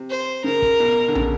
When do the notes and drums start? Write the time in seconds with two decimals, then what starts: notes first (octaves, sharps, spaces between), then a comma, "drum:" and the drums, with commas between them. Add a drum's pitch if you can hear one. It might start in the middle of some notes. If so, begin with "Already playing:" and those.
Already playing: C3
0.10 C5
0.44 C#3 A#4
0.62 drum: kick
0.80 B2
1.08 D3
1.15 C#3, drum: tom